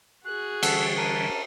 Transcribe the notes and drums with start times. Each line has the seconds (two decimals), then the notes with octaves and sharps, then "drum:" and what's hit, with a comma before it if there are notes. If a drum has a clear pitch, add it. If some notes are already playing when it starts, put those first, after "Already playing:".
0.25 F#4 G#4 F#6
0.63 D3 E3 G3 A4 F#5, drum: cymbal
0.97 A#4 A5 D#7